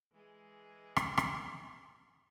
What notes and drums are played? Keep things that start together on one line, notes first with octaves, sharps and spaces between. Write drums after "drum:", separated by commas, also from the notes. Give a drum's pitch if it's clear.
E3 G#3 G#4
drum: rim click
drum: rim click